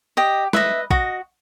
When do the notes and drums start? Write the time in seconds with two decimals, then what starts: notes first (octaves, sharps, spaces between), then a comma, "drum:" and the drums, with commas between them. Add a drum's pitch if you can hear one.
0.17 G4 D#5
0.53 B4 D#5 E5, drum: snare
0.91 F#4 D#5, drum: kick